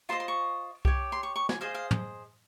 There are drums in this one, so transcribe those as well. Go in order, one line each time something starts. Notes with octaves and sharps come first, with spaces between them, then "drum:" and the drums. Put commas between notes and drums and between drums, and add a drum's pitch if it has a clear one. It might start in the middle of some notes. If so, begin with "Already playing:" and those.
F4 C5 D#5 C6
C6
C#6
G4 C#5, drum: kick C2
C6
C#6
C#6
G#5, drum: snare
G#4 C5 D#5 F5
F5
drum: tom